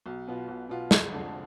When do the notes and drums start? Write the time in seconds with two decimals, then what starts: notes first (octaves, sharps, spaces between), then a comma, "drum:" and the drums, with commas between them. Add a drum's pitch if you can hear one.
0.06 B1
0.28 B2 B3 F4
0.48 B1
0.69 B2 B3 F4
0.91 F1, drum: snare
1.12 F2 D3